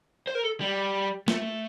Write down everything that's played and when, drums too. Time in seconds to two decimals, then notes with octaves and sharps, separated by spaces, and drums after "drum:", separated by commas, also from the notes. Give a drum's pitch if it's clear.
0.27 C5
0.35 A#4
0.43 A4
0.60 G3
1.28 A3, drum: snare